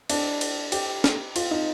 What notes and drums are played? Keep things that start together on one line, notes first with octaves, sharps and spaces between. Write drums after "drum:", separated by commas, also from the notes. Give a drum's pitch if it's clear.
D4, drum: cymbal
drum: cymbal
G4, drum: cymbal
drum: snare
F4, drum: cymbal
D#4